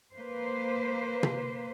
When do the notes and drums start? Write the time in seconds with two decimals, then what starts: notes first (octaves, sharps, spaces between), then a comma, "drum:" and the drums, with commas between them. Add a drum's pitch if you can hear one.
0.16 A#3 B4 C5
1.23 drum: tom